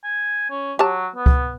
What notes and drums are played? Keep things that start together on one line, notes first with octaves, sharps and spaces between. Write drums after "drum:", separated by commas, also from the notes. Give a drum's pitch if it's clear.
G#5
C#4
F#3 G4 C#5 A5
B3
drum: kick C#2